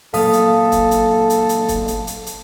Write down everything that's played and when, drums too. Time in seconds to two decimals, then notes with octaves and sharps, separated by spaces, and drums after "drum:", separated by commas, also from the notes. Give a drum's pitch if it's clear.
0.14 A#2 F#3 A#3 A4 F5 D#6, drum: open hi-hat
0.33 drum: hi-hat
0.72 drum: kick, hi-hat
0.91 drum: hi-hat
1.30 drum: hi-hat
1.49 drum: hi-hat
1.68 drum: kick, hi-hat
1.88 drum: hi-hat
2.07 drum: hi-hat
2.26 drum: hi-hat